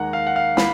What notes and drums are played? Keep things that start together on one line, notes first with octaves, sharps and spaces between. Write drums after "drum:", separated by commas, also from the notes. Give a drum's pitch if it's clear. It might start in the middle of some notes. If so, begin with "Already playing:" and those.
Already playing: D#2 D#3 G#3 F#5 A#5
F5
F#5
F5
B5, drum: snare